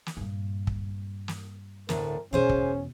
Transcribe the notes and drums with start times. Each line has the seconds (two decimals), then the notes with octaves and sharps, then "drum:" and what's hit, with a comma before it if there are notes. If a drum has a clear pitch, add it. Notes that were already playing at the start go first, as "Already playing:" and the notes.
0.06 drum: snare
0.17 G2 A#2
0.67 drum: kick
1.28 drum: snare
1.89 D2 A2 D3 A#4, drum: snare
2.33 E2 B2 C#4 G#4 C5 F5
2.49 drum: kick